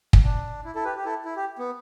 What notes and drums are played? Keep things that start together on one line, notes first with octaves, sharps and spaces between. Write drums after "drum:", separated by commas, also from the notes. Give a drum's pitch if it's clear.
drum: kick
D4
E4
E4 A4
G4 B4
G4
E4 A4
E4
G4
B3